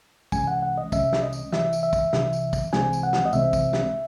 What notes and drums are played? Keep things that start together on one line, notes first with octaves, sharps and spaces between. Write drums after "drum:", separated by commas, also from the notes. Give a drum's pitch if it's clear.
C2 C3 E3 G#3 C#4 G#5, drum: kick, tambourine
F#5
F#5
D#5
C2 C3 E3 G#3 C#4 E5, drum: kick, tambourine
drum: snare
D#5
drum: tambourine
C2 C3 E3 E5, drum: snare
drum: tambourine
E5
drum: kick, tambourine
C2 C3 E3, drum: snare
drum: tambourine
drum: kick, tambourine
C2 C3 E3 G#3 C4 G#5, drum: snare
drum: tambourine
F#5
drum: snare
D#5
C2 C3 E3 G#3 C4 E5, drum: tambourine
drum: kick, tambourine
drum: snare